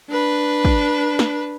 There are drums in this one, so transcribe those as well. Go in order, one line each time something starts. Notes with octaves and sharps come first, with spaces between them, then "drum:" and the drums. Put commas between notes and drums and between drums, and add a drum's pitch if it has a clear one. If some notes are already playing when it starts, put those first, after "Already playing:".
D4 B4
drum: kick
drum: snare